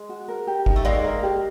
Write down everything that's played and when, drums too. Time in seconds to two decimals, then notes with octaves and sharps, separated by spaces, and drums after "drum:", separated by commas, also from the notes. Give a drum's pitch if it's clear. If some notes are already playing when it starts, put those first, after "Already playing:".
Already playing: G#3
0.09 F#4
0.28 A#4
0.47 G4
0.66 D#4, drum: kick G#1
0.76 A3
0.85 G#3 A#3 D5
1.04 A#4
1.23 G4